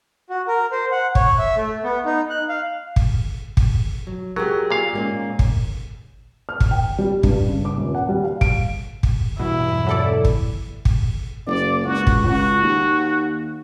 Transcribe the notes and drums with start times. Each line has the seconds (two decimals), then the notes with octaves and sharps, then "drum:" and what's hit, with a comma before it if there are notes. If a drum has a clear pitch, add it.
0.30 F#4
0.48 A#4
0.72 C5
0.92 F#5
1.15 C#5, drum: kick
1.39 E5
1.56 A3
1.84 B3
2.05 D#4
2.30 F#6
2.49 F5
2.96 drum: kick
3.57 drum: kick
4.07 F#3
4.36 F#3 G4 G#4 A#4
4.70 A#2 F5
4.93 G#2 A#3 C#4
5.39 drum: kick
6.49 F6
6.60 drum: kick
6.71 G5
6.98 G3
7.23 G2, drum: kick
7.47 C#3
7.65 D6
7.77 D#1
7.95 F#5
8.09 G3
8.24 F5
8.41 D7, drum: kick
9.03 drum: kick
9.39 B1 E2 G2 B2 E4
9.87 F#3 A4 D5
10.25 drum: kick
10.85 drum: kick
11.47 F#1 D5
11.84 C#2 F#4
12.07 drum: kick
12.25 C#2 F#4
12.63 D#2